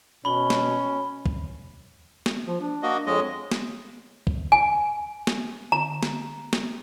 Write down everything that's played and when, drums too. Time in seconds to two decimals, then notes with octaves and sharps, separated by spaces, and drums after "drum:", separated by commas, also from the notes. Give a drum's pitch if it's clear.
0.25 B2 C#4 B5 G7
0.50 drum: snare
1.26 drum: kick
2.26 drum: snare
2.47 F3
2.60 D4
2.83 A#3 F#4 D#5
3.06 F2 G#3 C#5 D#5
3.52 drum: snare
4.27 drum: kick
4.52 G#5
5.27 drum: snare
5.72 A#5
6.03 drum: snare
6.53 drum: snare